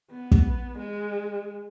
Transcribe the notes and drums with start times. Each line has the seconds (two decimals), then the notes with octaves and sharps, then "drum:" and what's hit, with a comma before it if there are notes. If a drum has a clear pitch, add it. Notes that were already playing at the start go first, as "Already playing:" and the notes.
0.11 B3
0.31 drum: kick
0.79 G#3